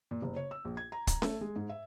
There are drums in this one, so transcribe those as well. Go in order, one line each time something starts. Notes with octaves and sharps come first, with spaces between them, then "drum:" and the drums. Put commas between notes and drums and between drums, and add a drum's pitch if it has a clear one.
A#2
F#1
C#5
E6
A#1
G#6
A#5
A#5, drum: kick, hi-hat
A3, drum: snare C#4
G#3
G#2
E5